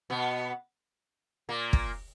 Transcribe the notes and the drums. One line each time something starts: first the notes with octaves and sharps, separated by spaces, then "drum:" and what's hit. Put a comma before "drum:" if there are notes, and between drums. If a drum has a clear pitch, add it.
B2 B3
A#2 A#3
drum: kick